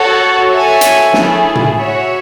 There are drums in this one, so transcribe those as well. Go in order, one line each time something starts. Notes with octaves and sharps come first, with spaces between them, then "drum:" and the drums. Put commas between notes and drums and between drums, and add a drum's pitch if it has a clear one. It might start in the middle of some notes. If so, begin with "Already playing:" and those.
Already playing: F#4 A4 C#5
F#4 A4 C#5 E5 G#5
drum: hi-hat
A3 E4 G#4, drum: snare
drum: tom
F#4 C#5 E5